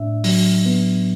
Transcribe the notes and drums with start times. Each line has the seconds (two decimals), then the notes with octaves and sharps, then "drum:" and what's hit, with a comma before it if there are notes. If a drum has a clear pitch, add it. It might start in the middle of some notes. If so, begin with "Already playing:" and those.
Already playing: A2 D4 E5
0.24 F#3, drum: open hi-hat
0.66 B3